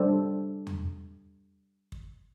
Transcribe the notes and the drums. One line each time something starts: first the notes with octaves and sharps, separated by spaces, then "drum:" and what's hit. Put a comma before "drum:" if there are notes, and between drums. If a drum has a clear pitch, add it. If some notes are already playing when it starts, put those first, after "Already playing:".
Already playing: G3 D4 A4 C5
drum: tom E2
drum: kick